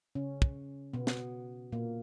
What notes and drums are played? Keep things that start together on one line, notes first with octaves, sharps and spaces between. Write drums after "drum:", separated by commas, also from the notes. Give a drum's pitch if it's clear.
C#3 C#4
drum: kick
B2 B3
drum: snare
A#2 A#3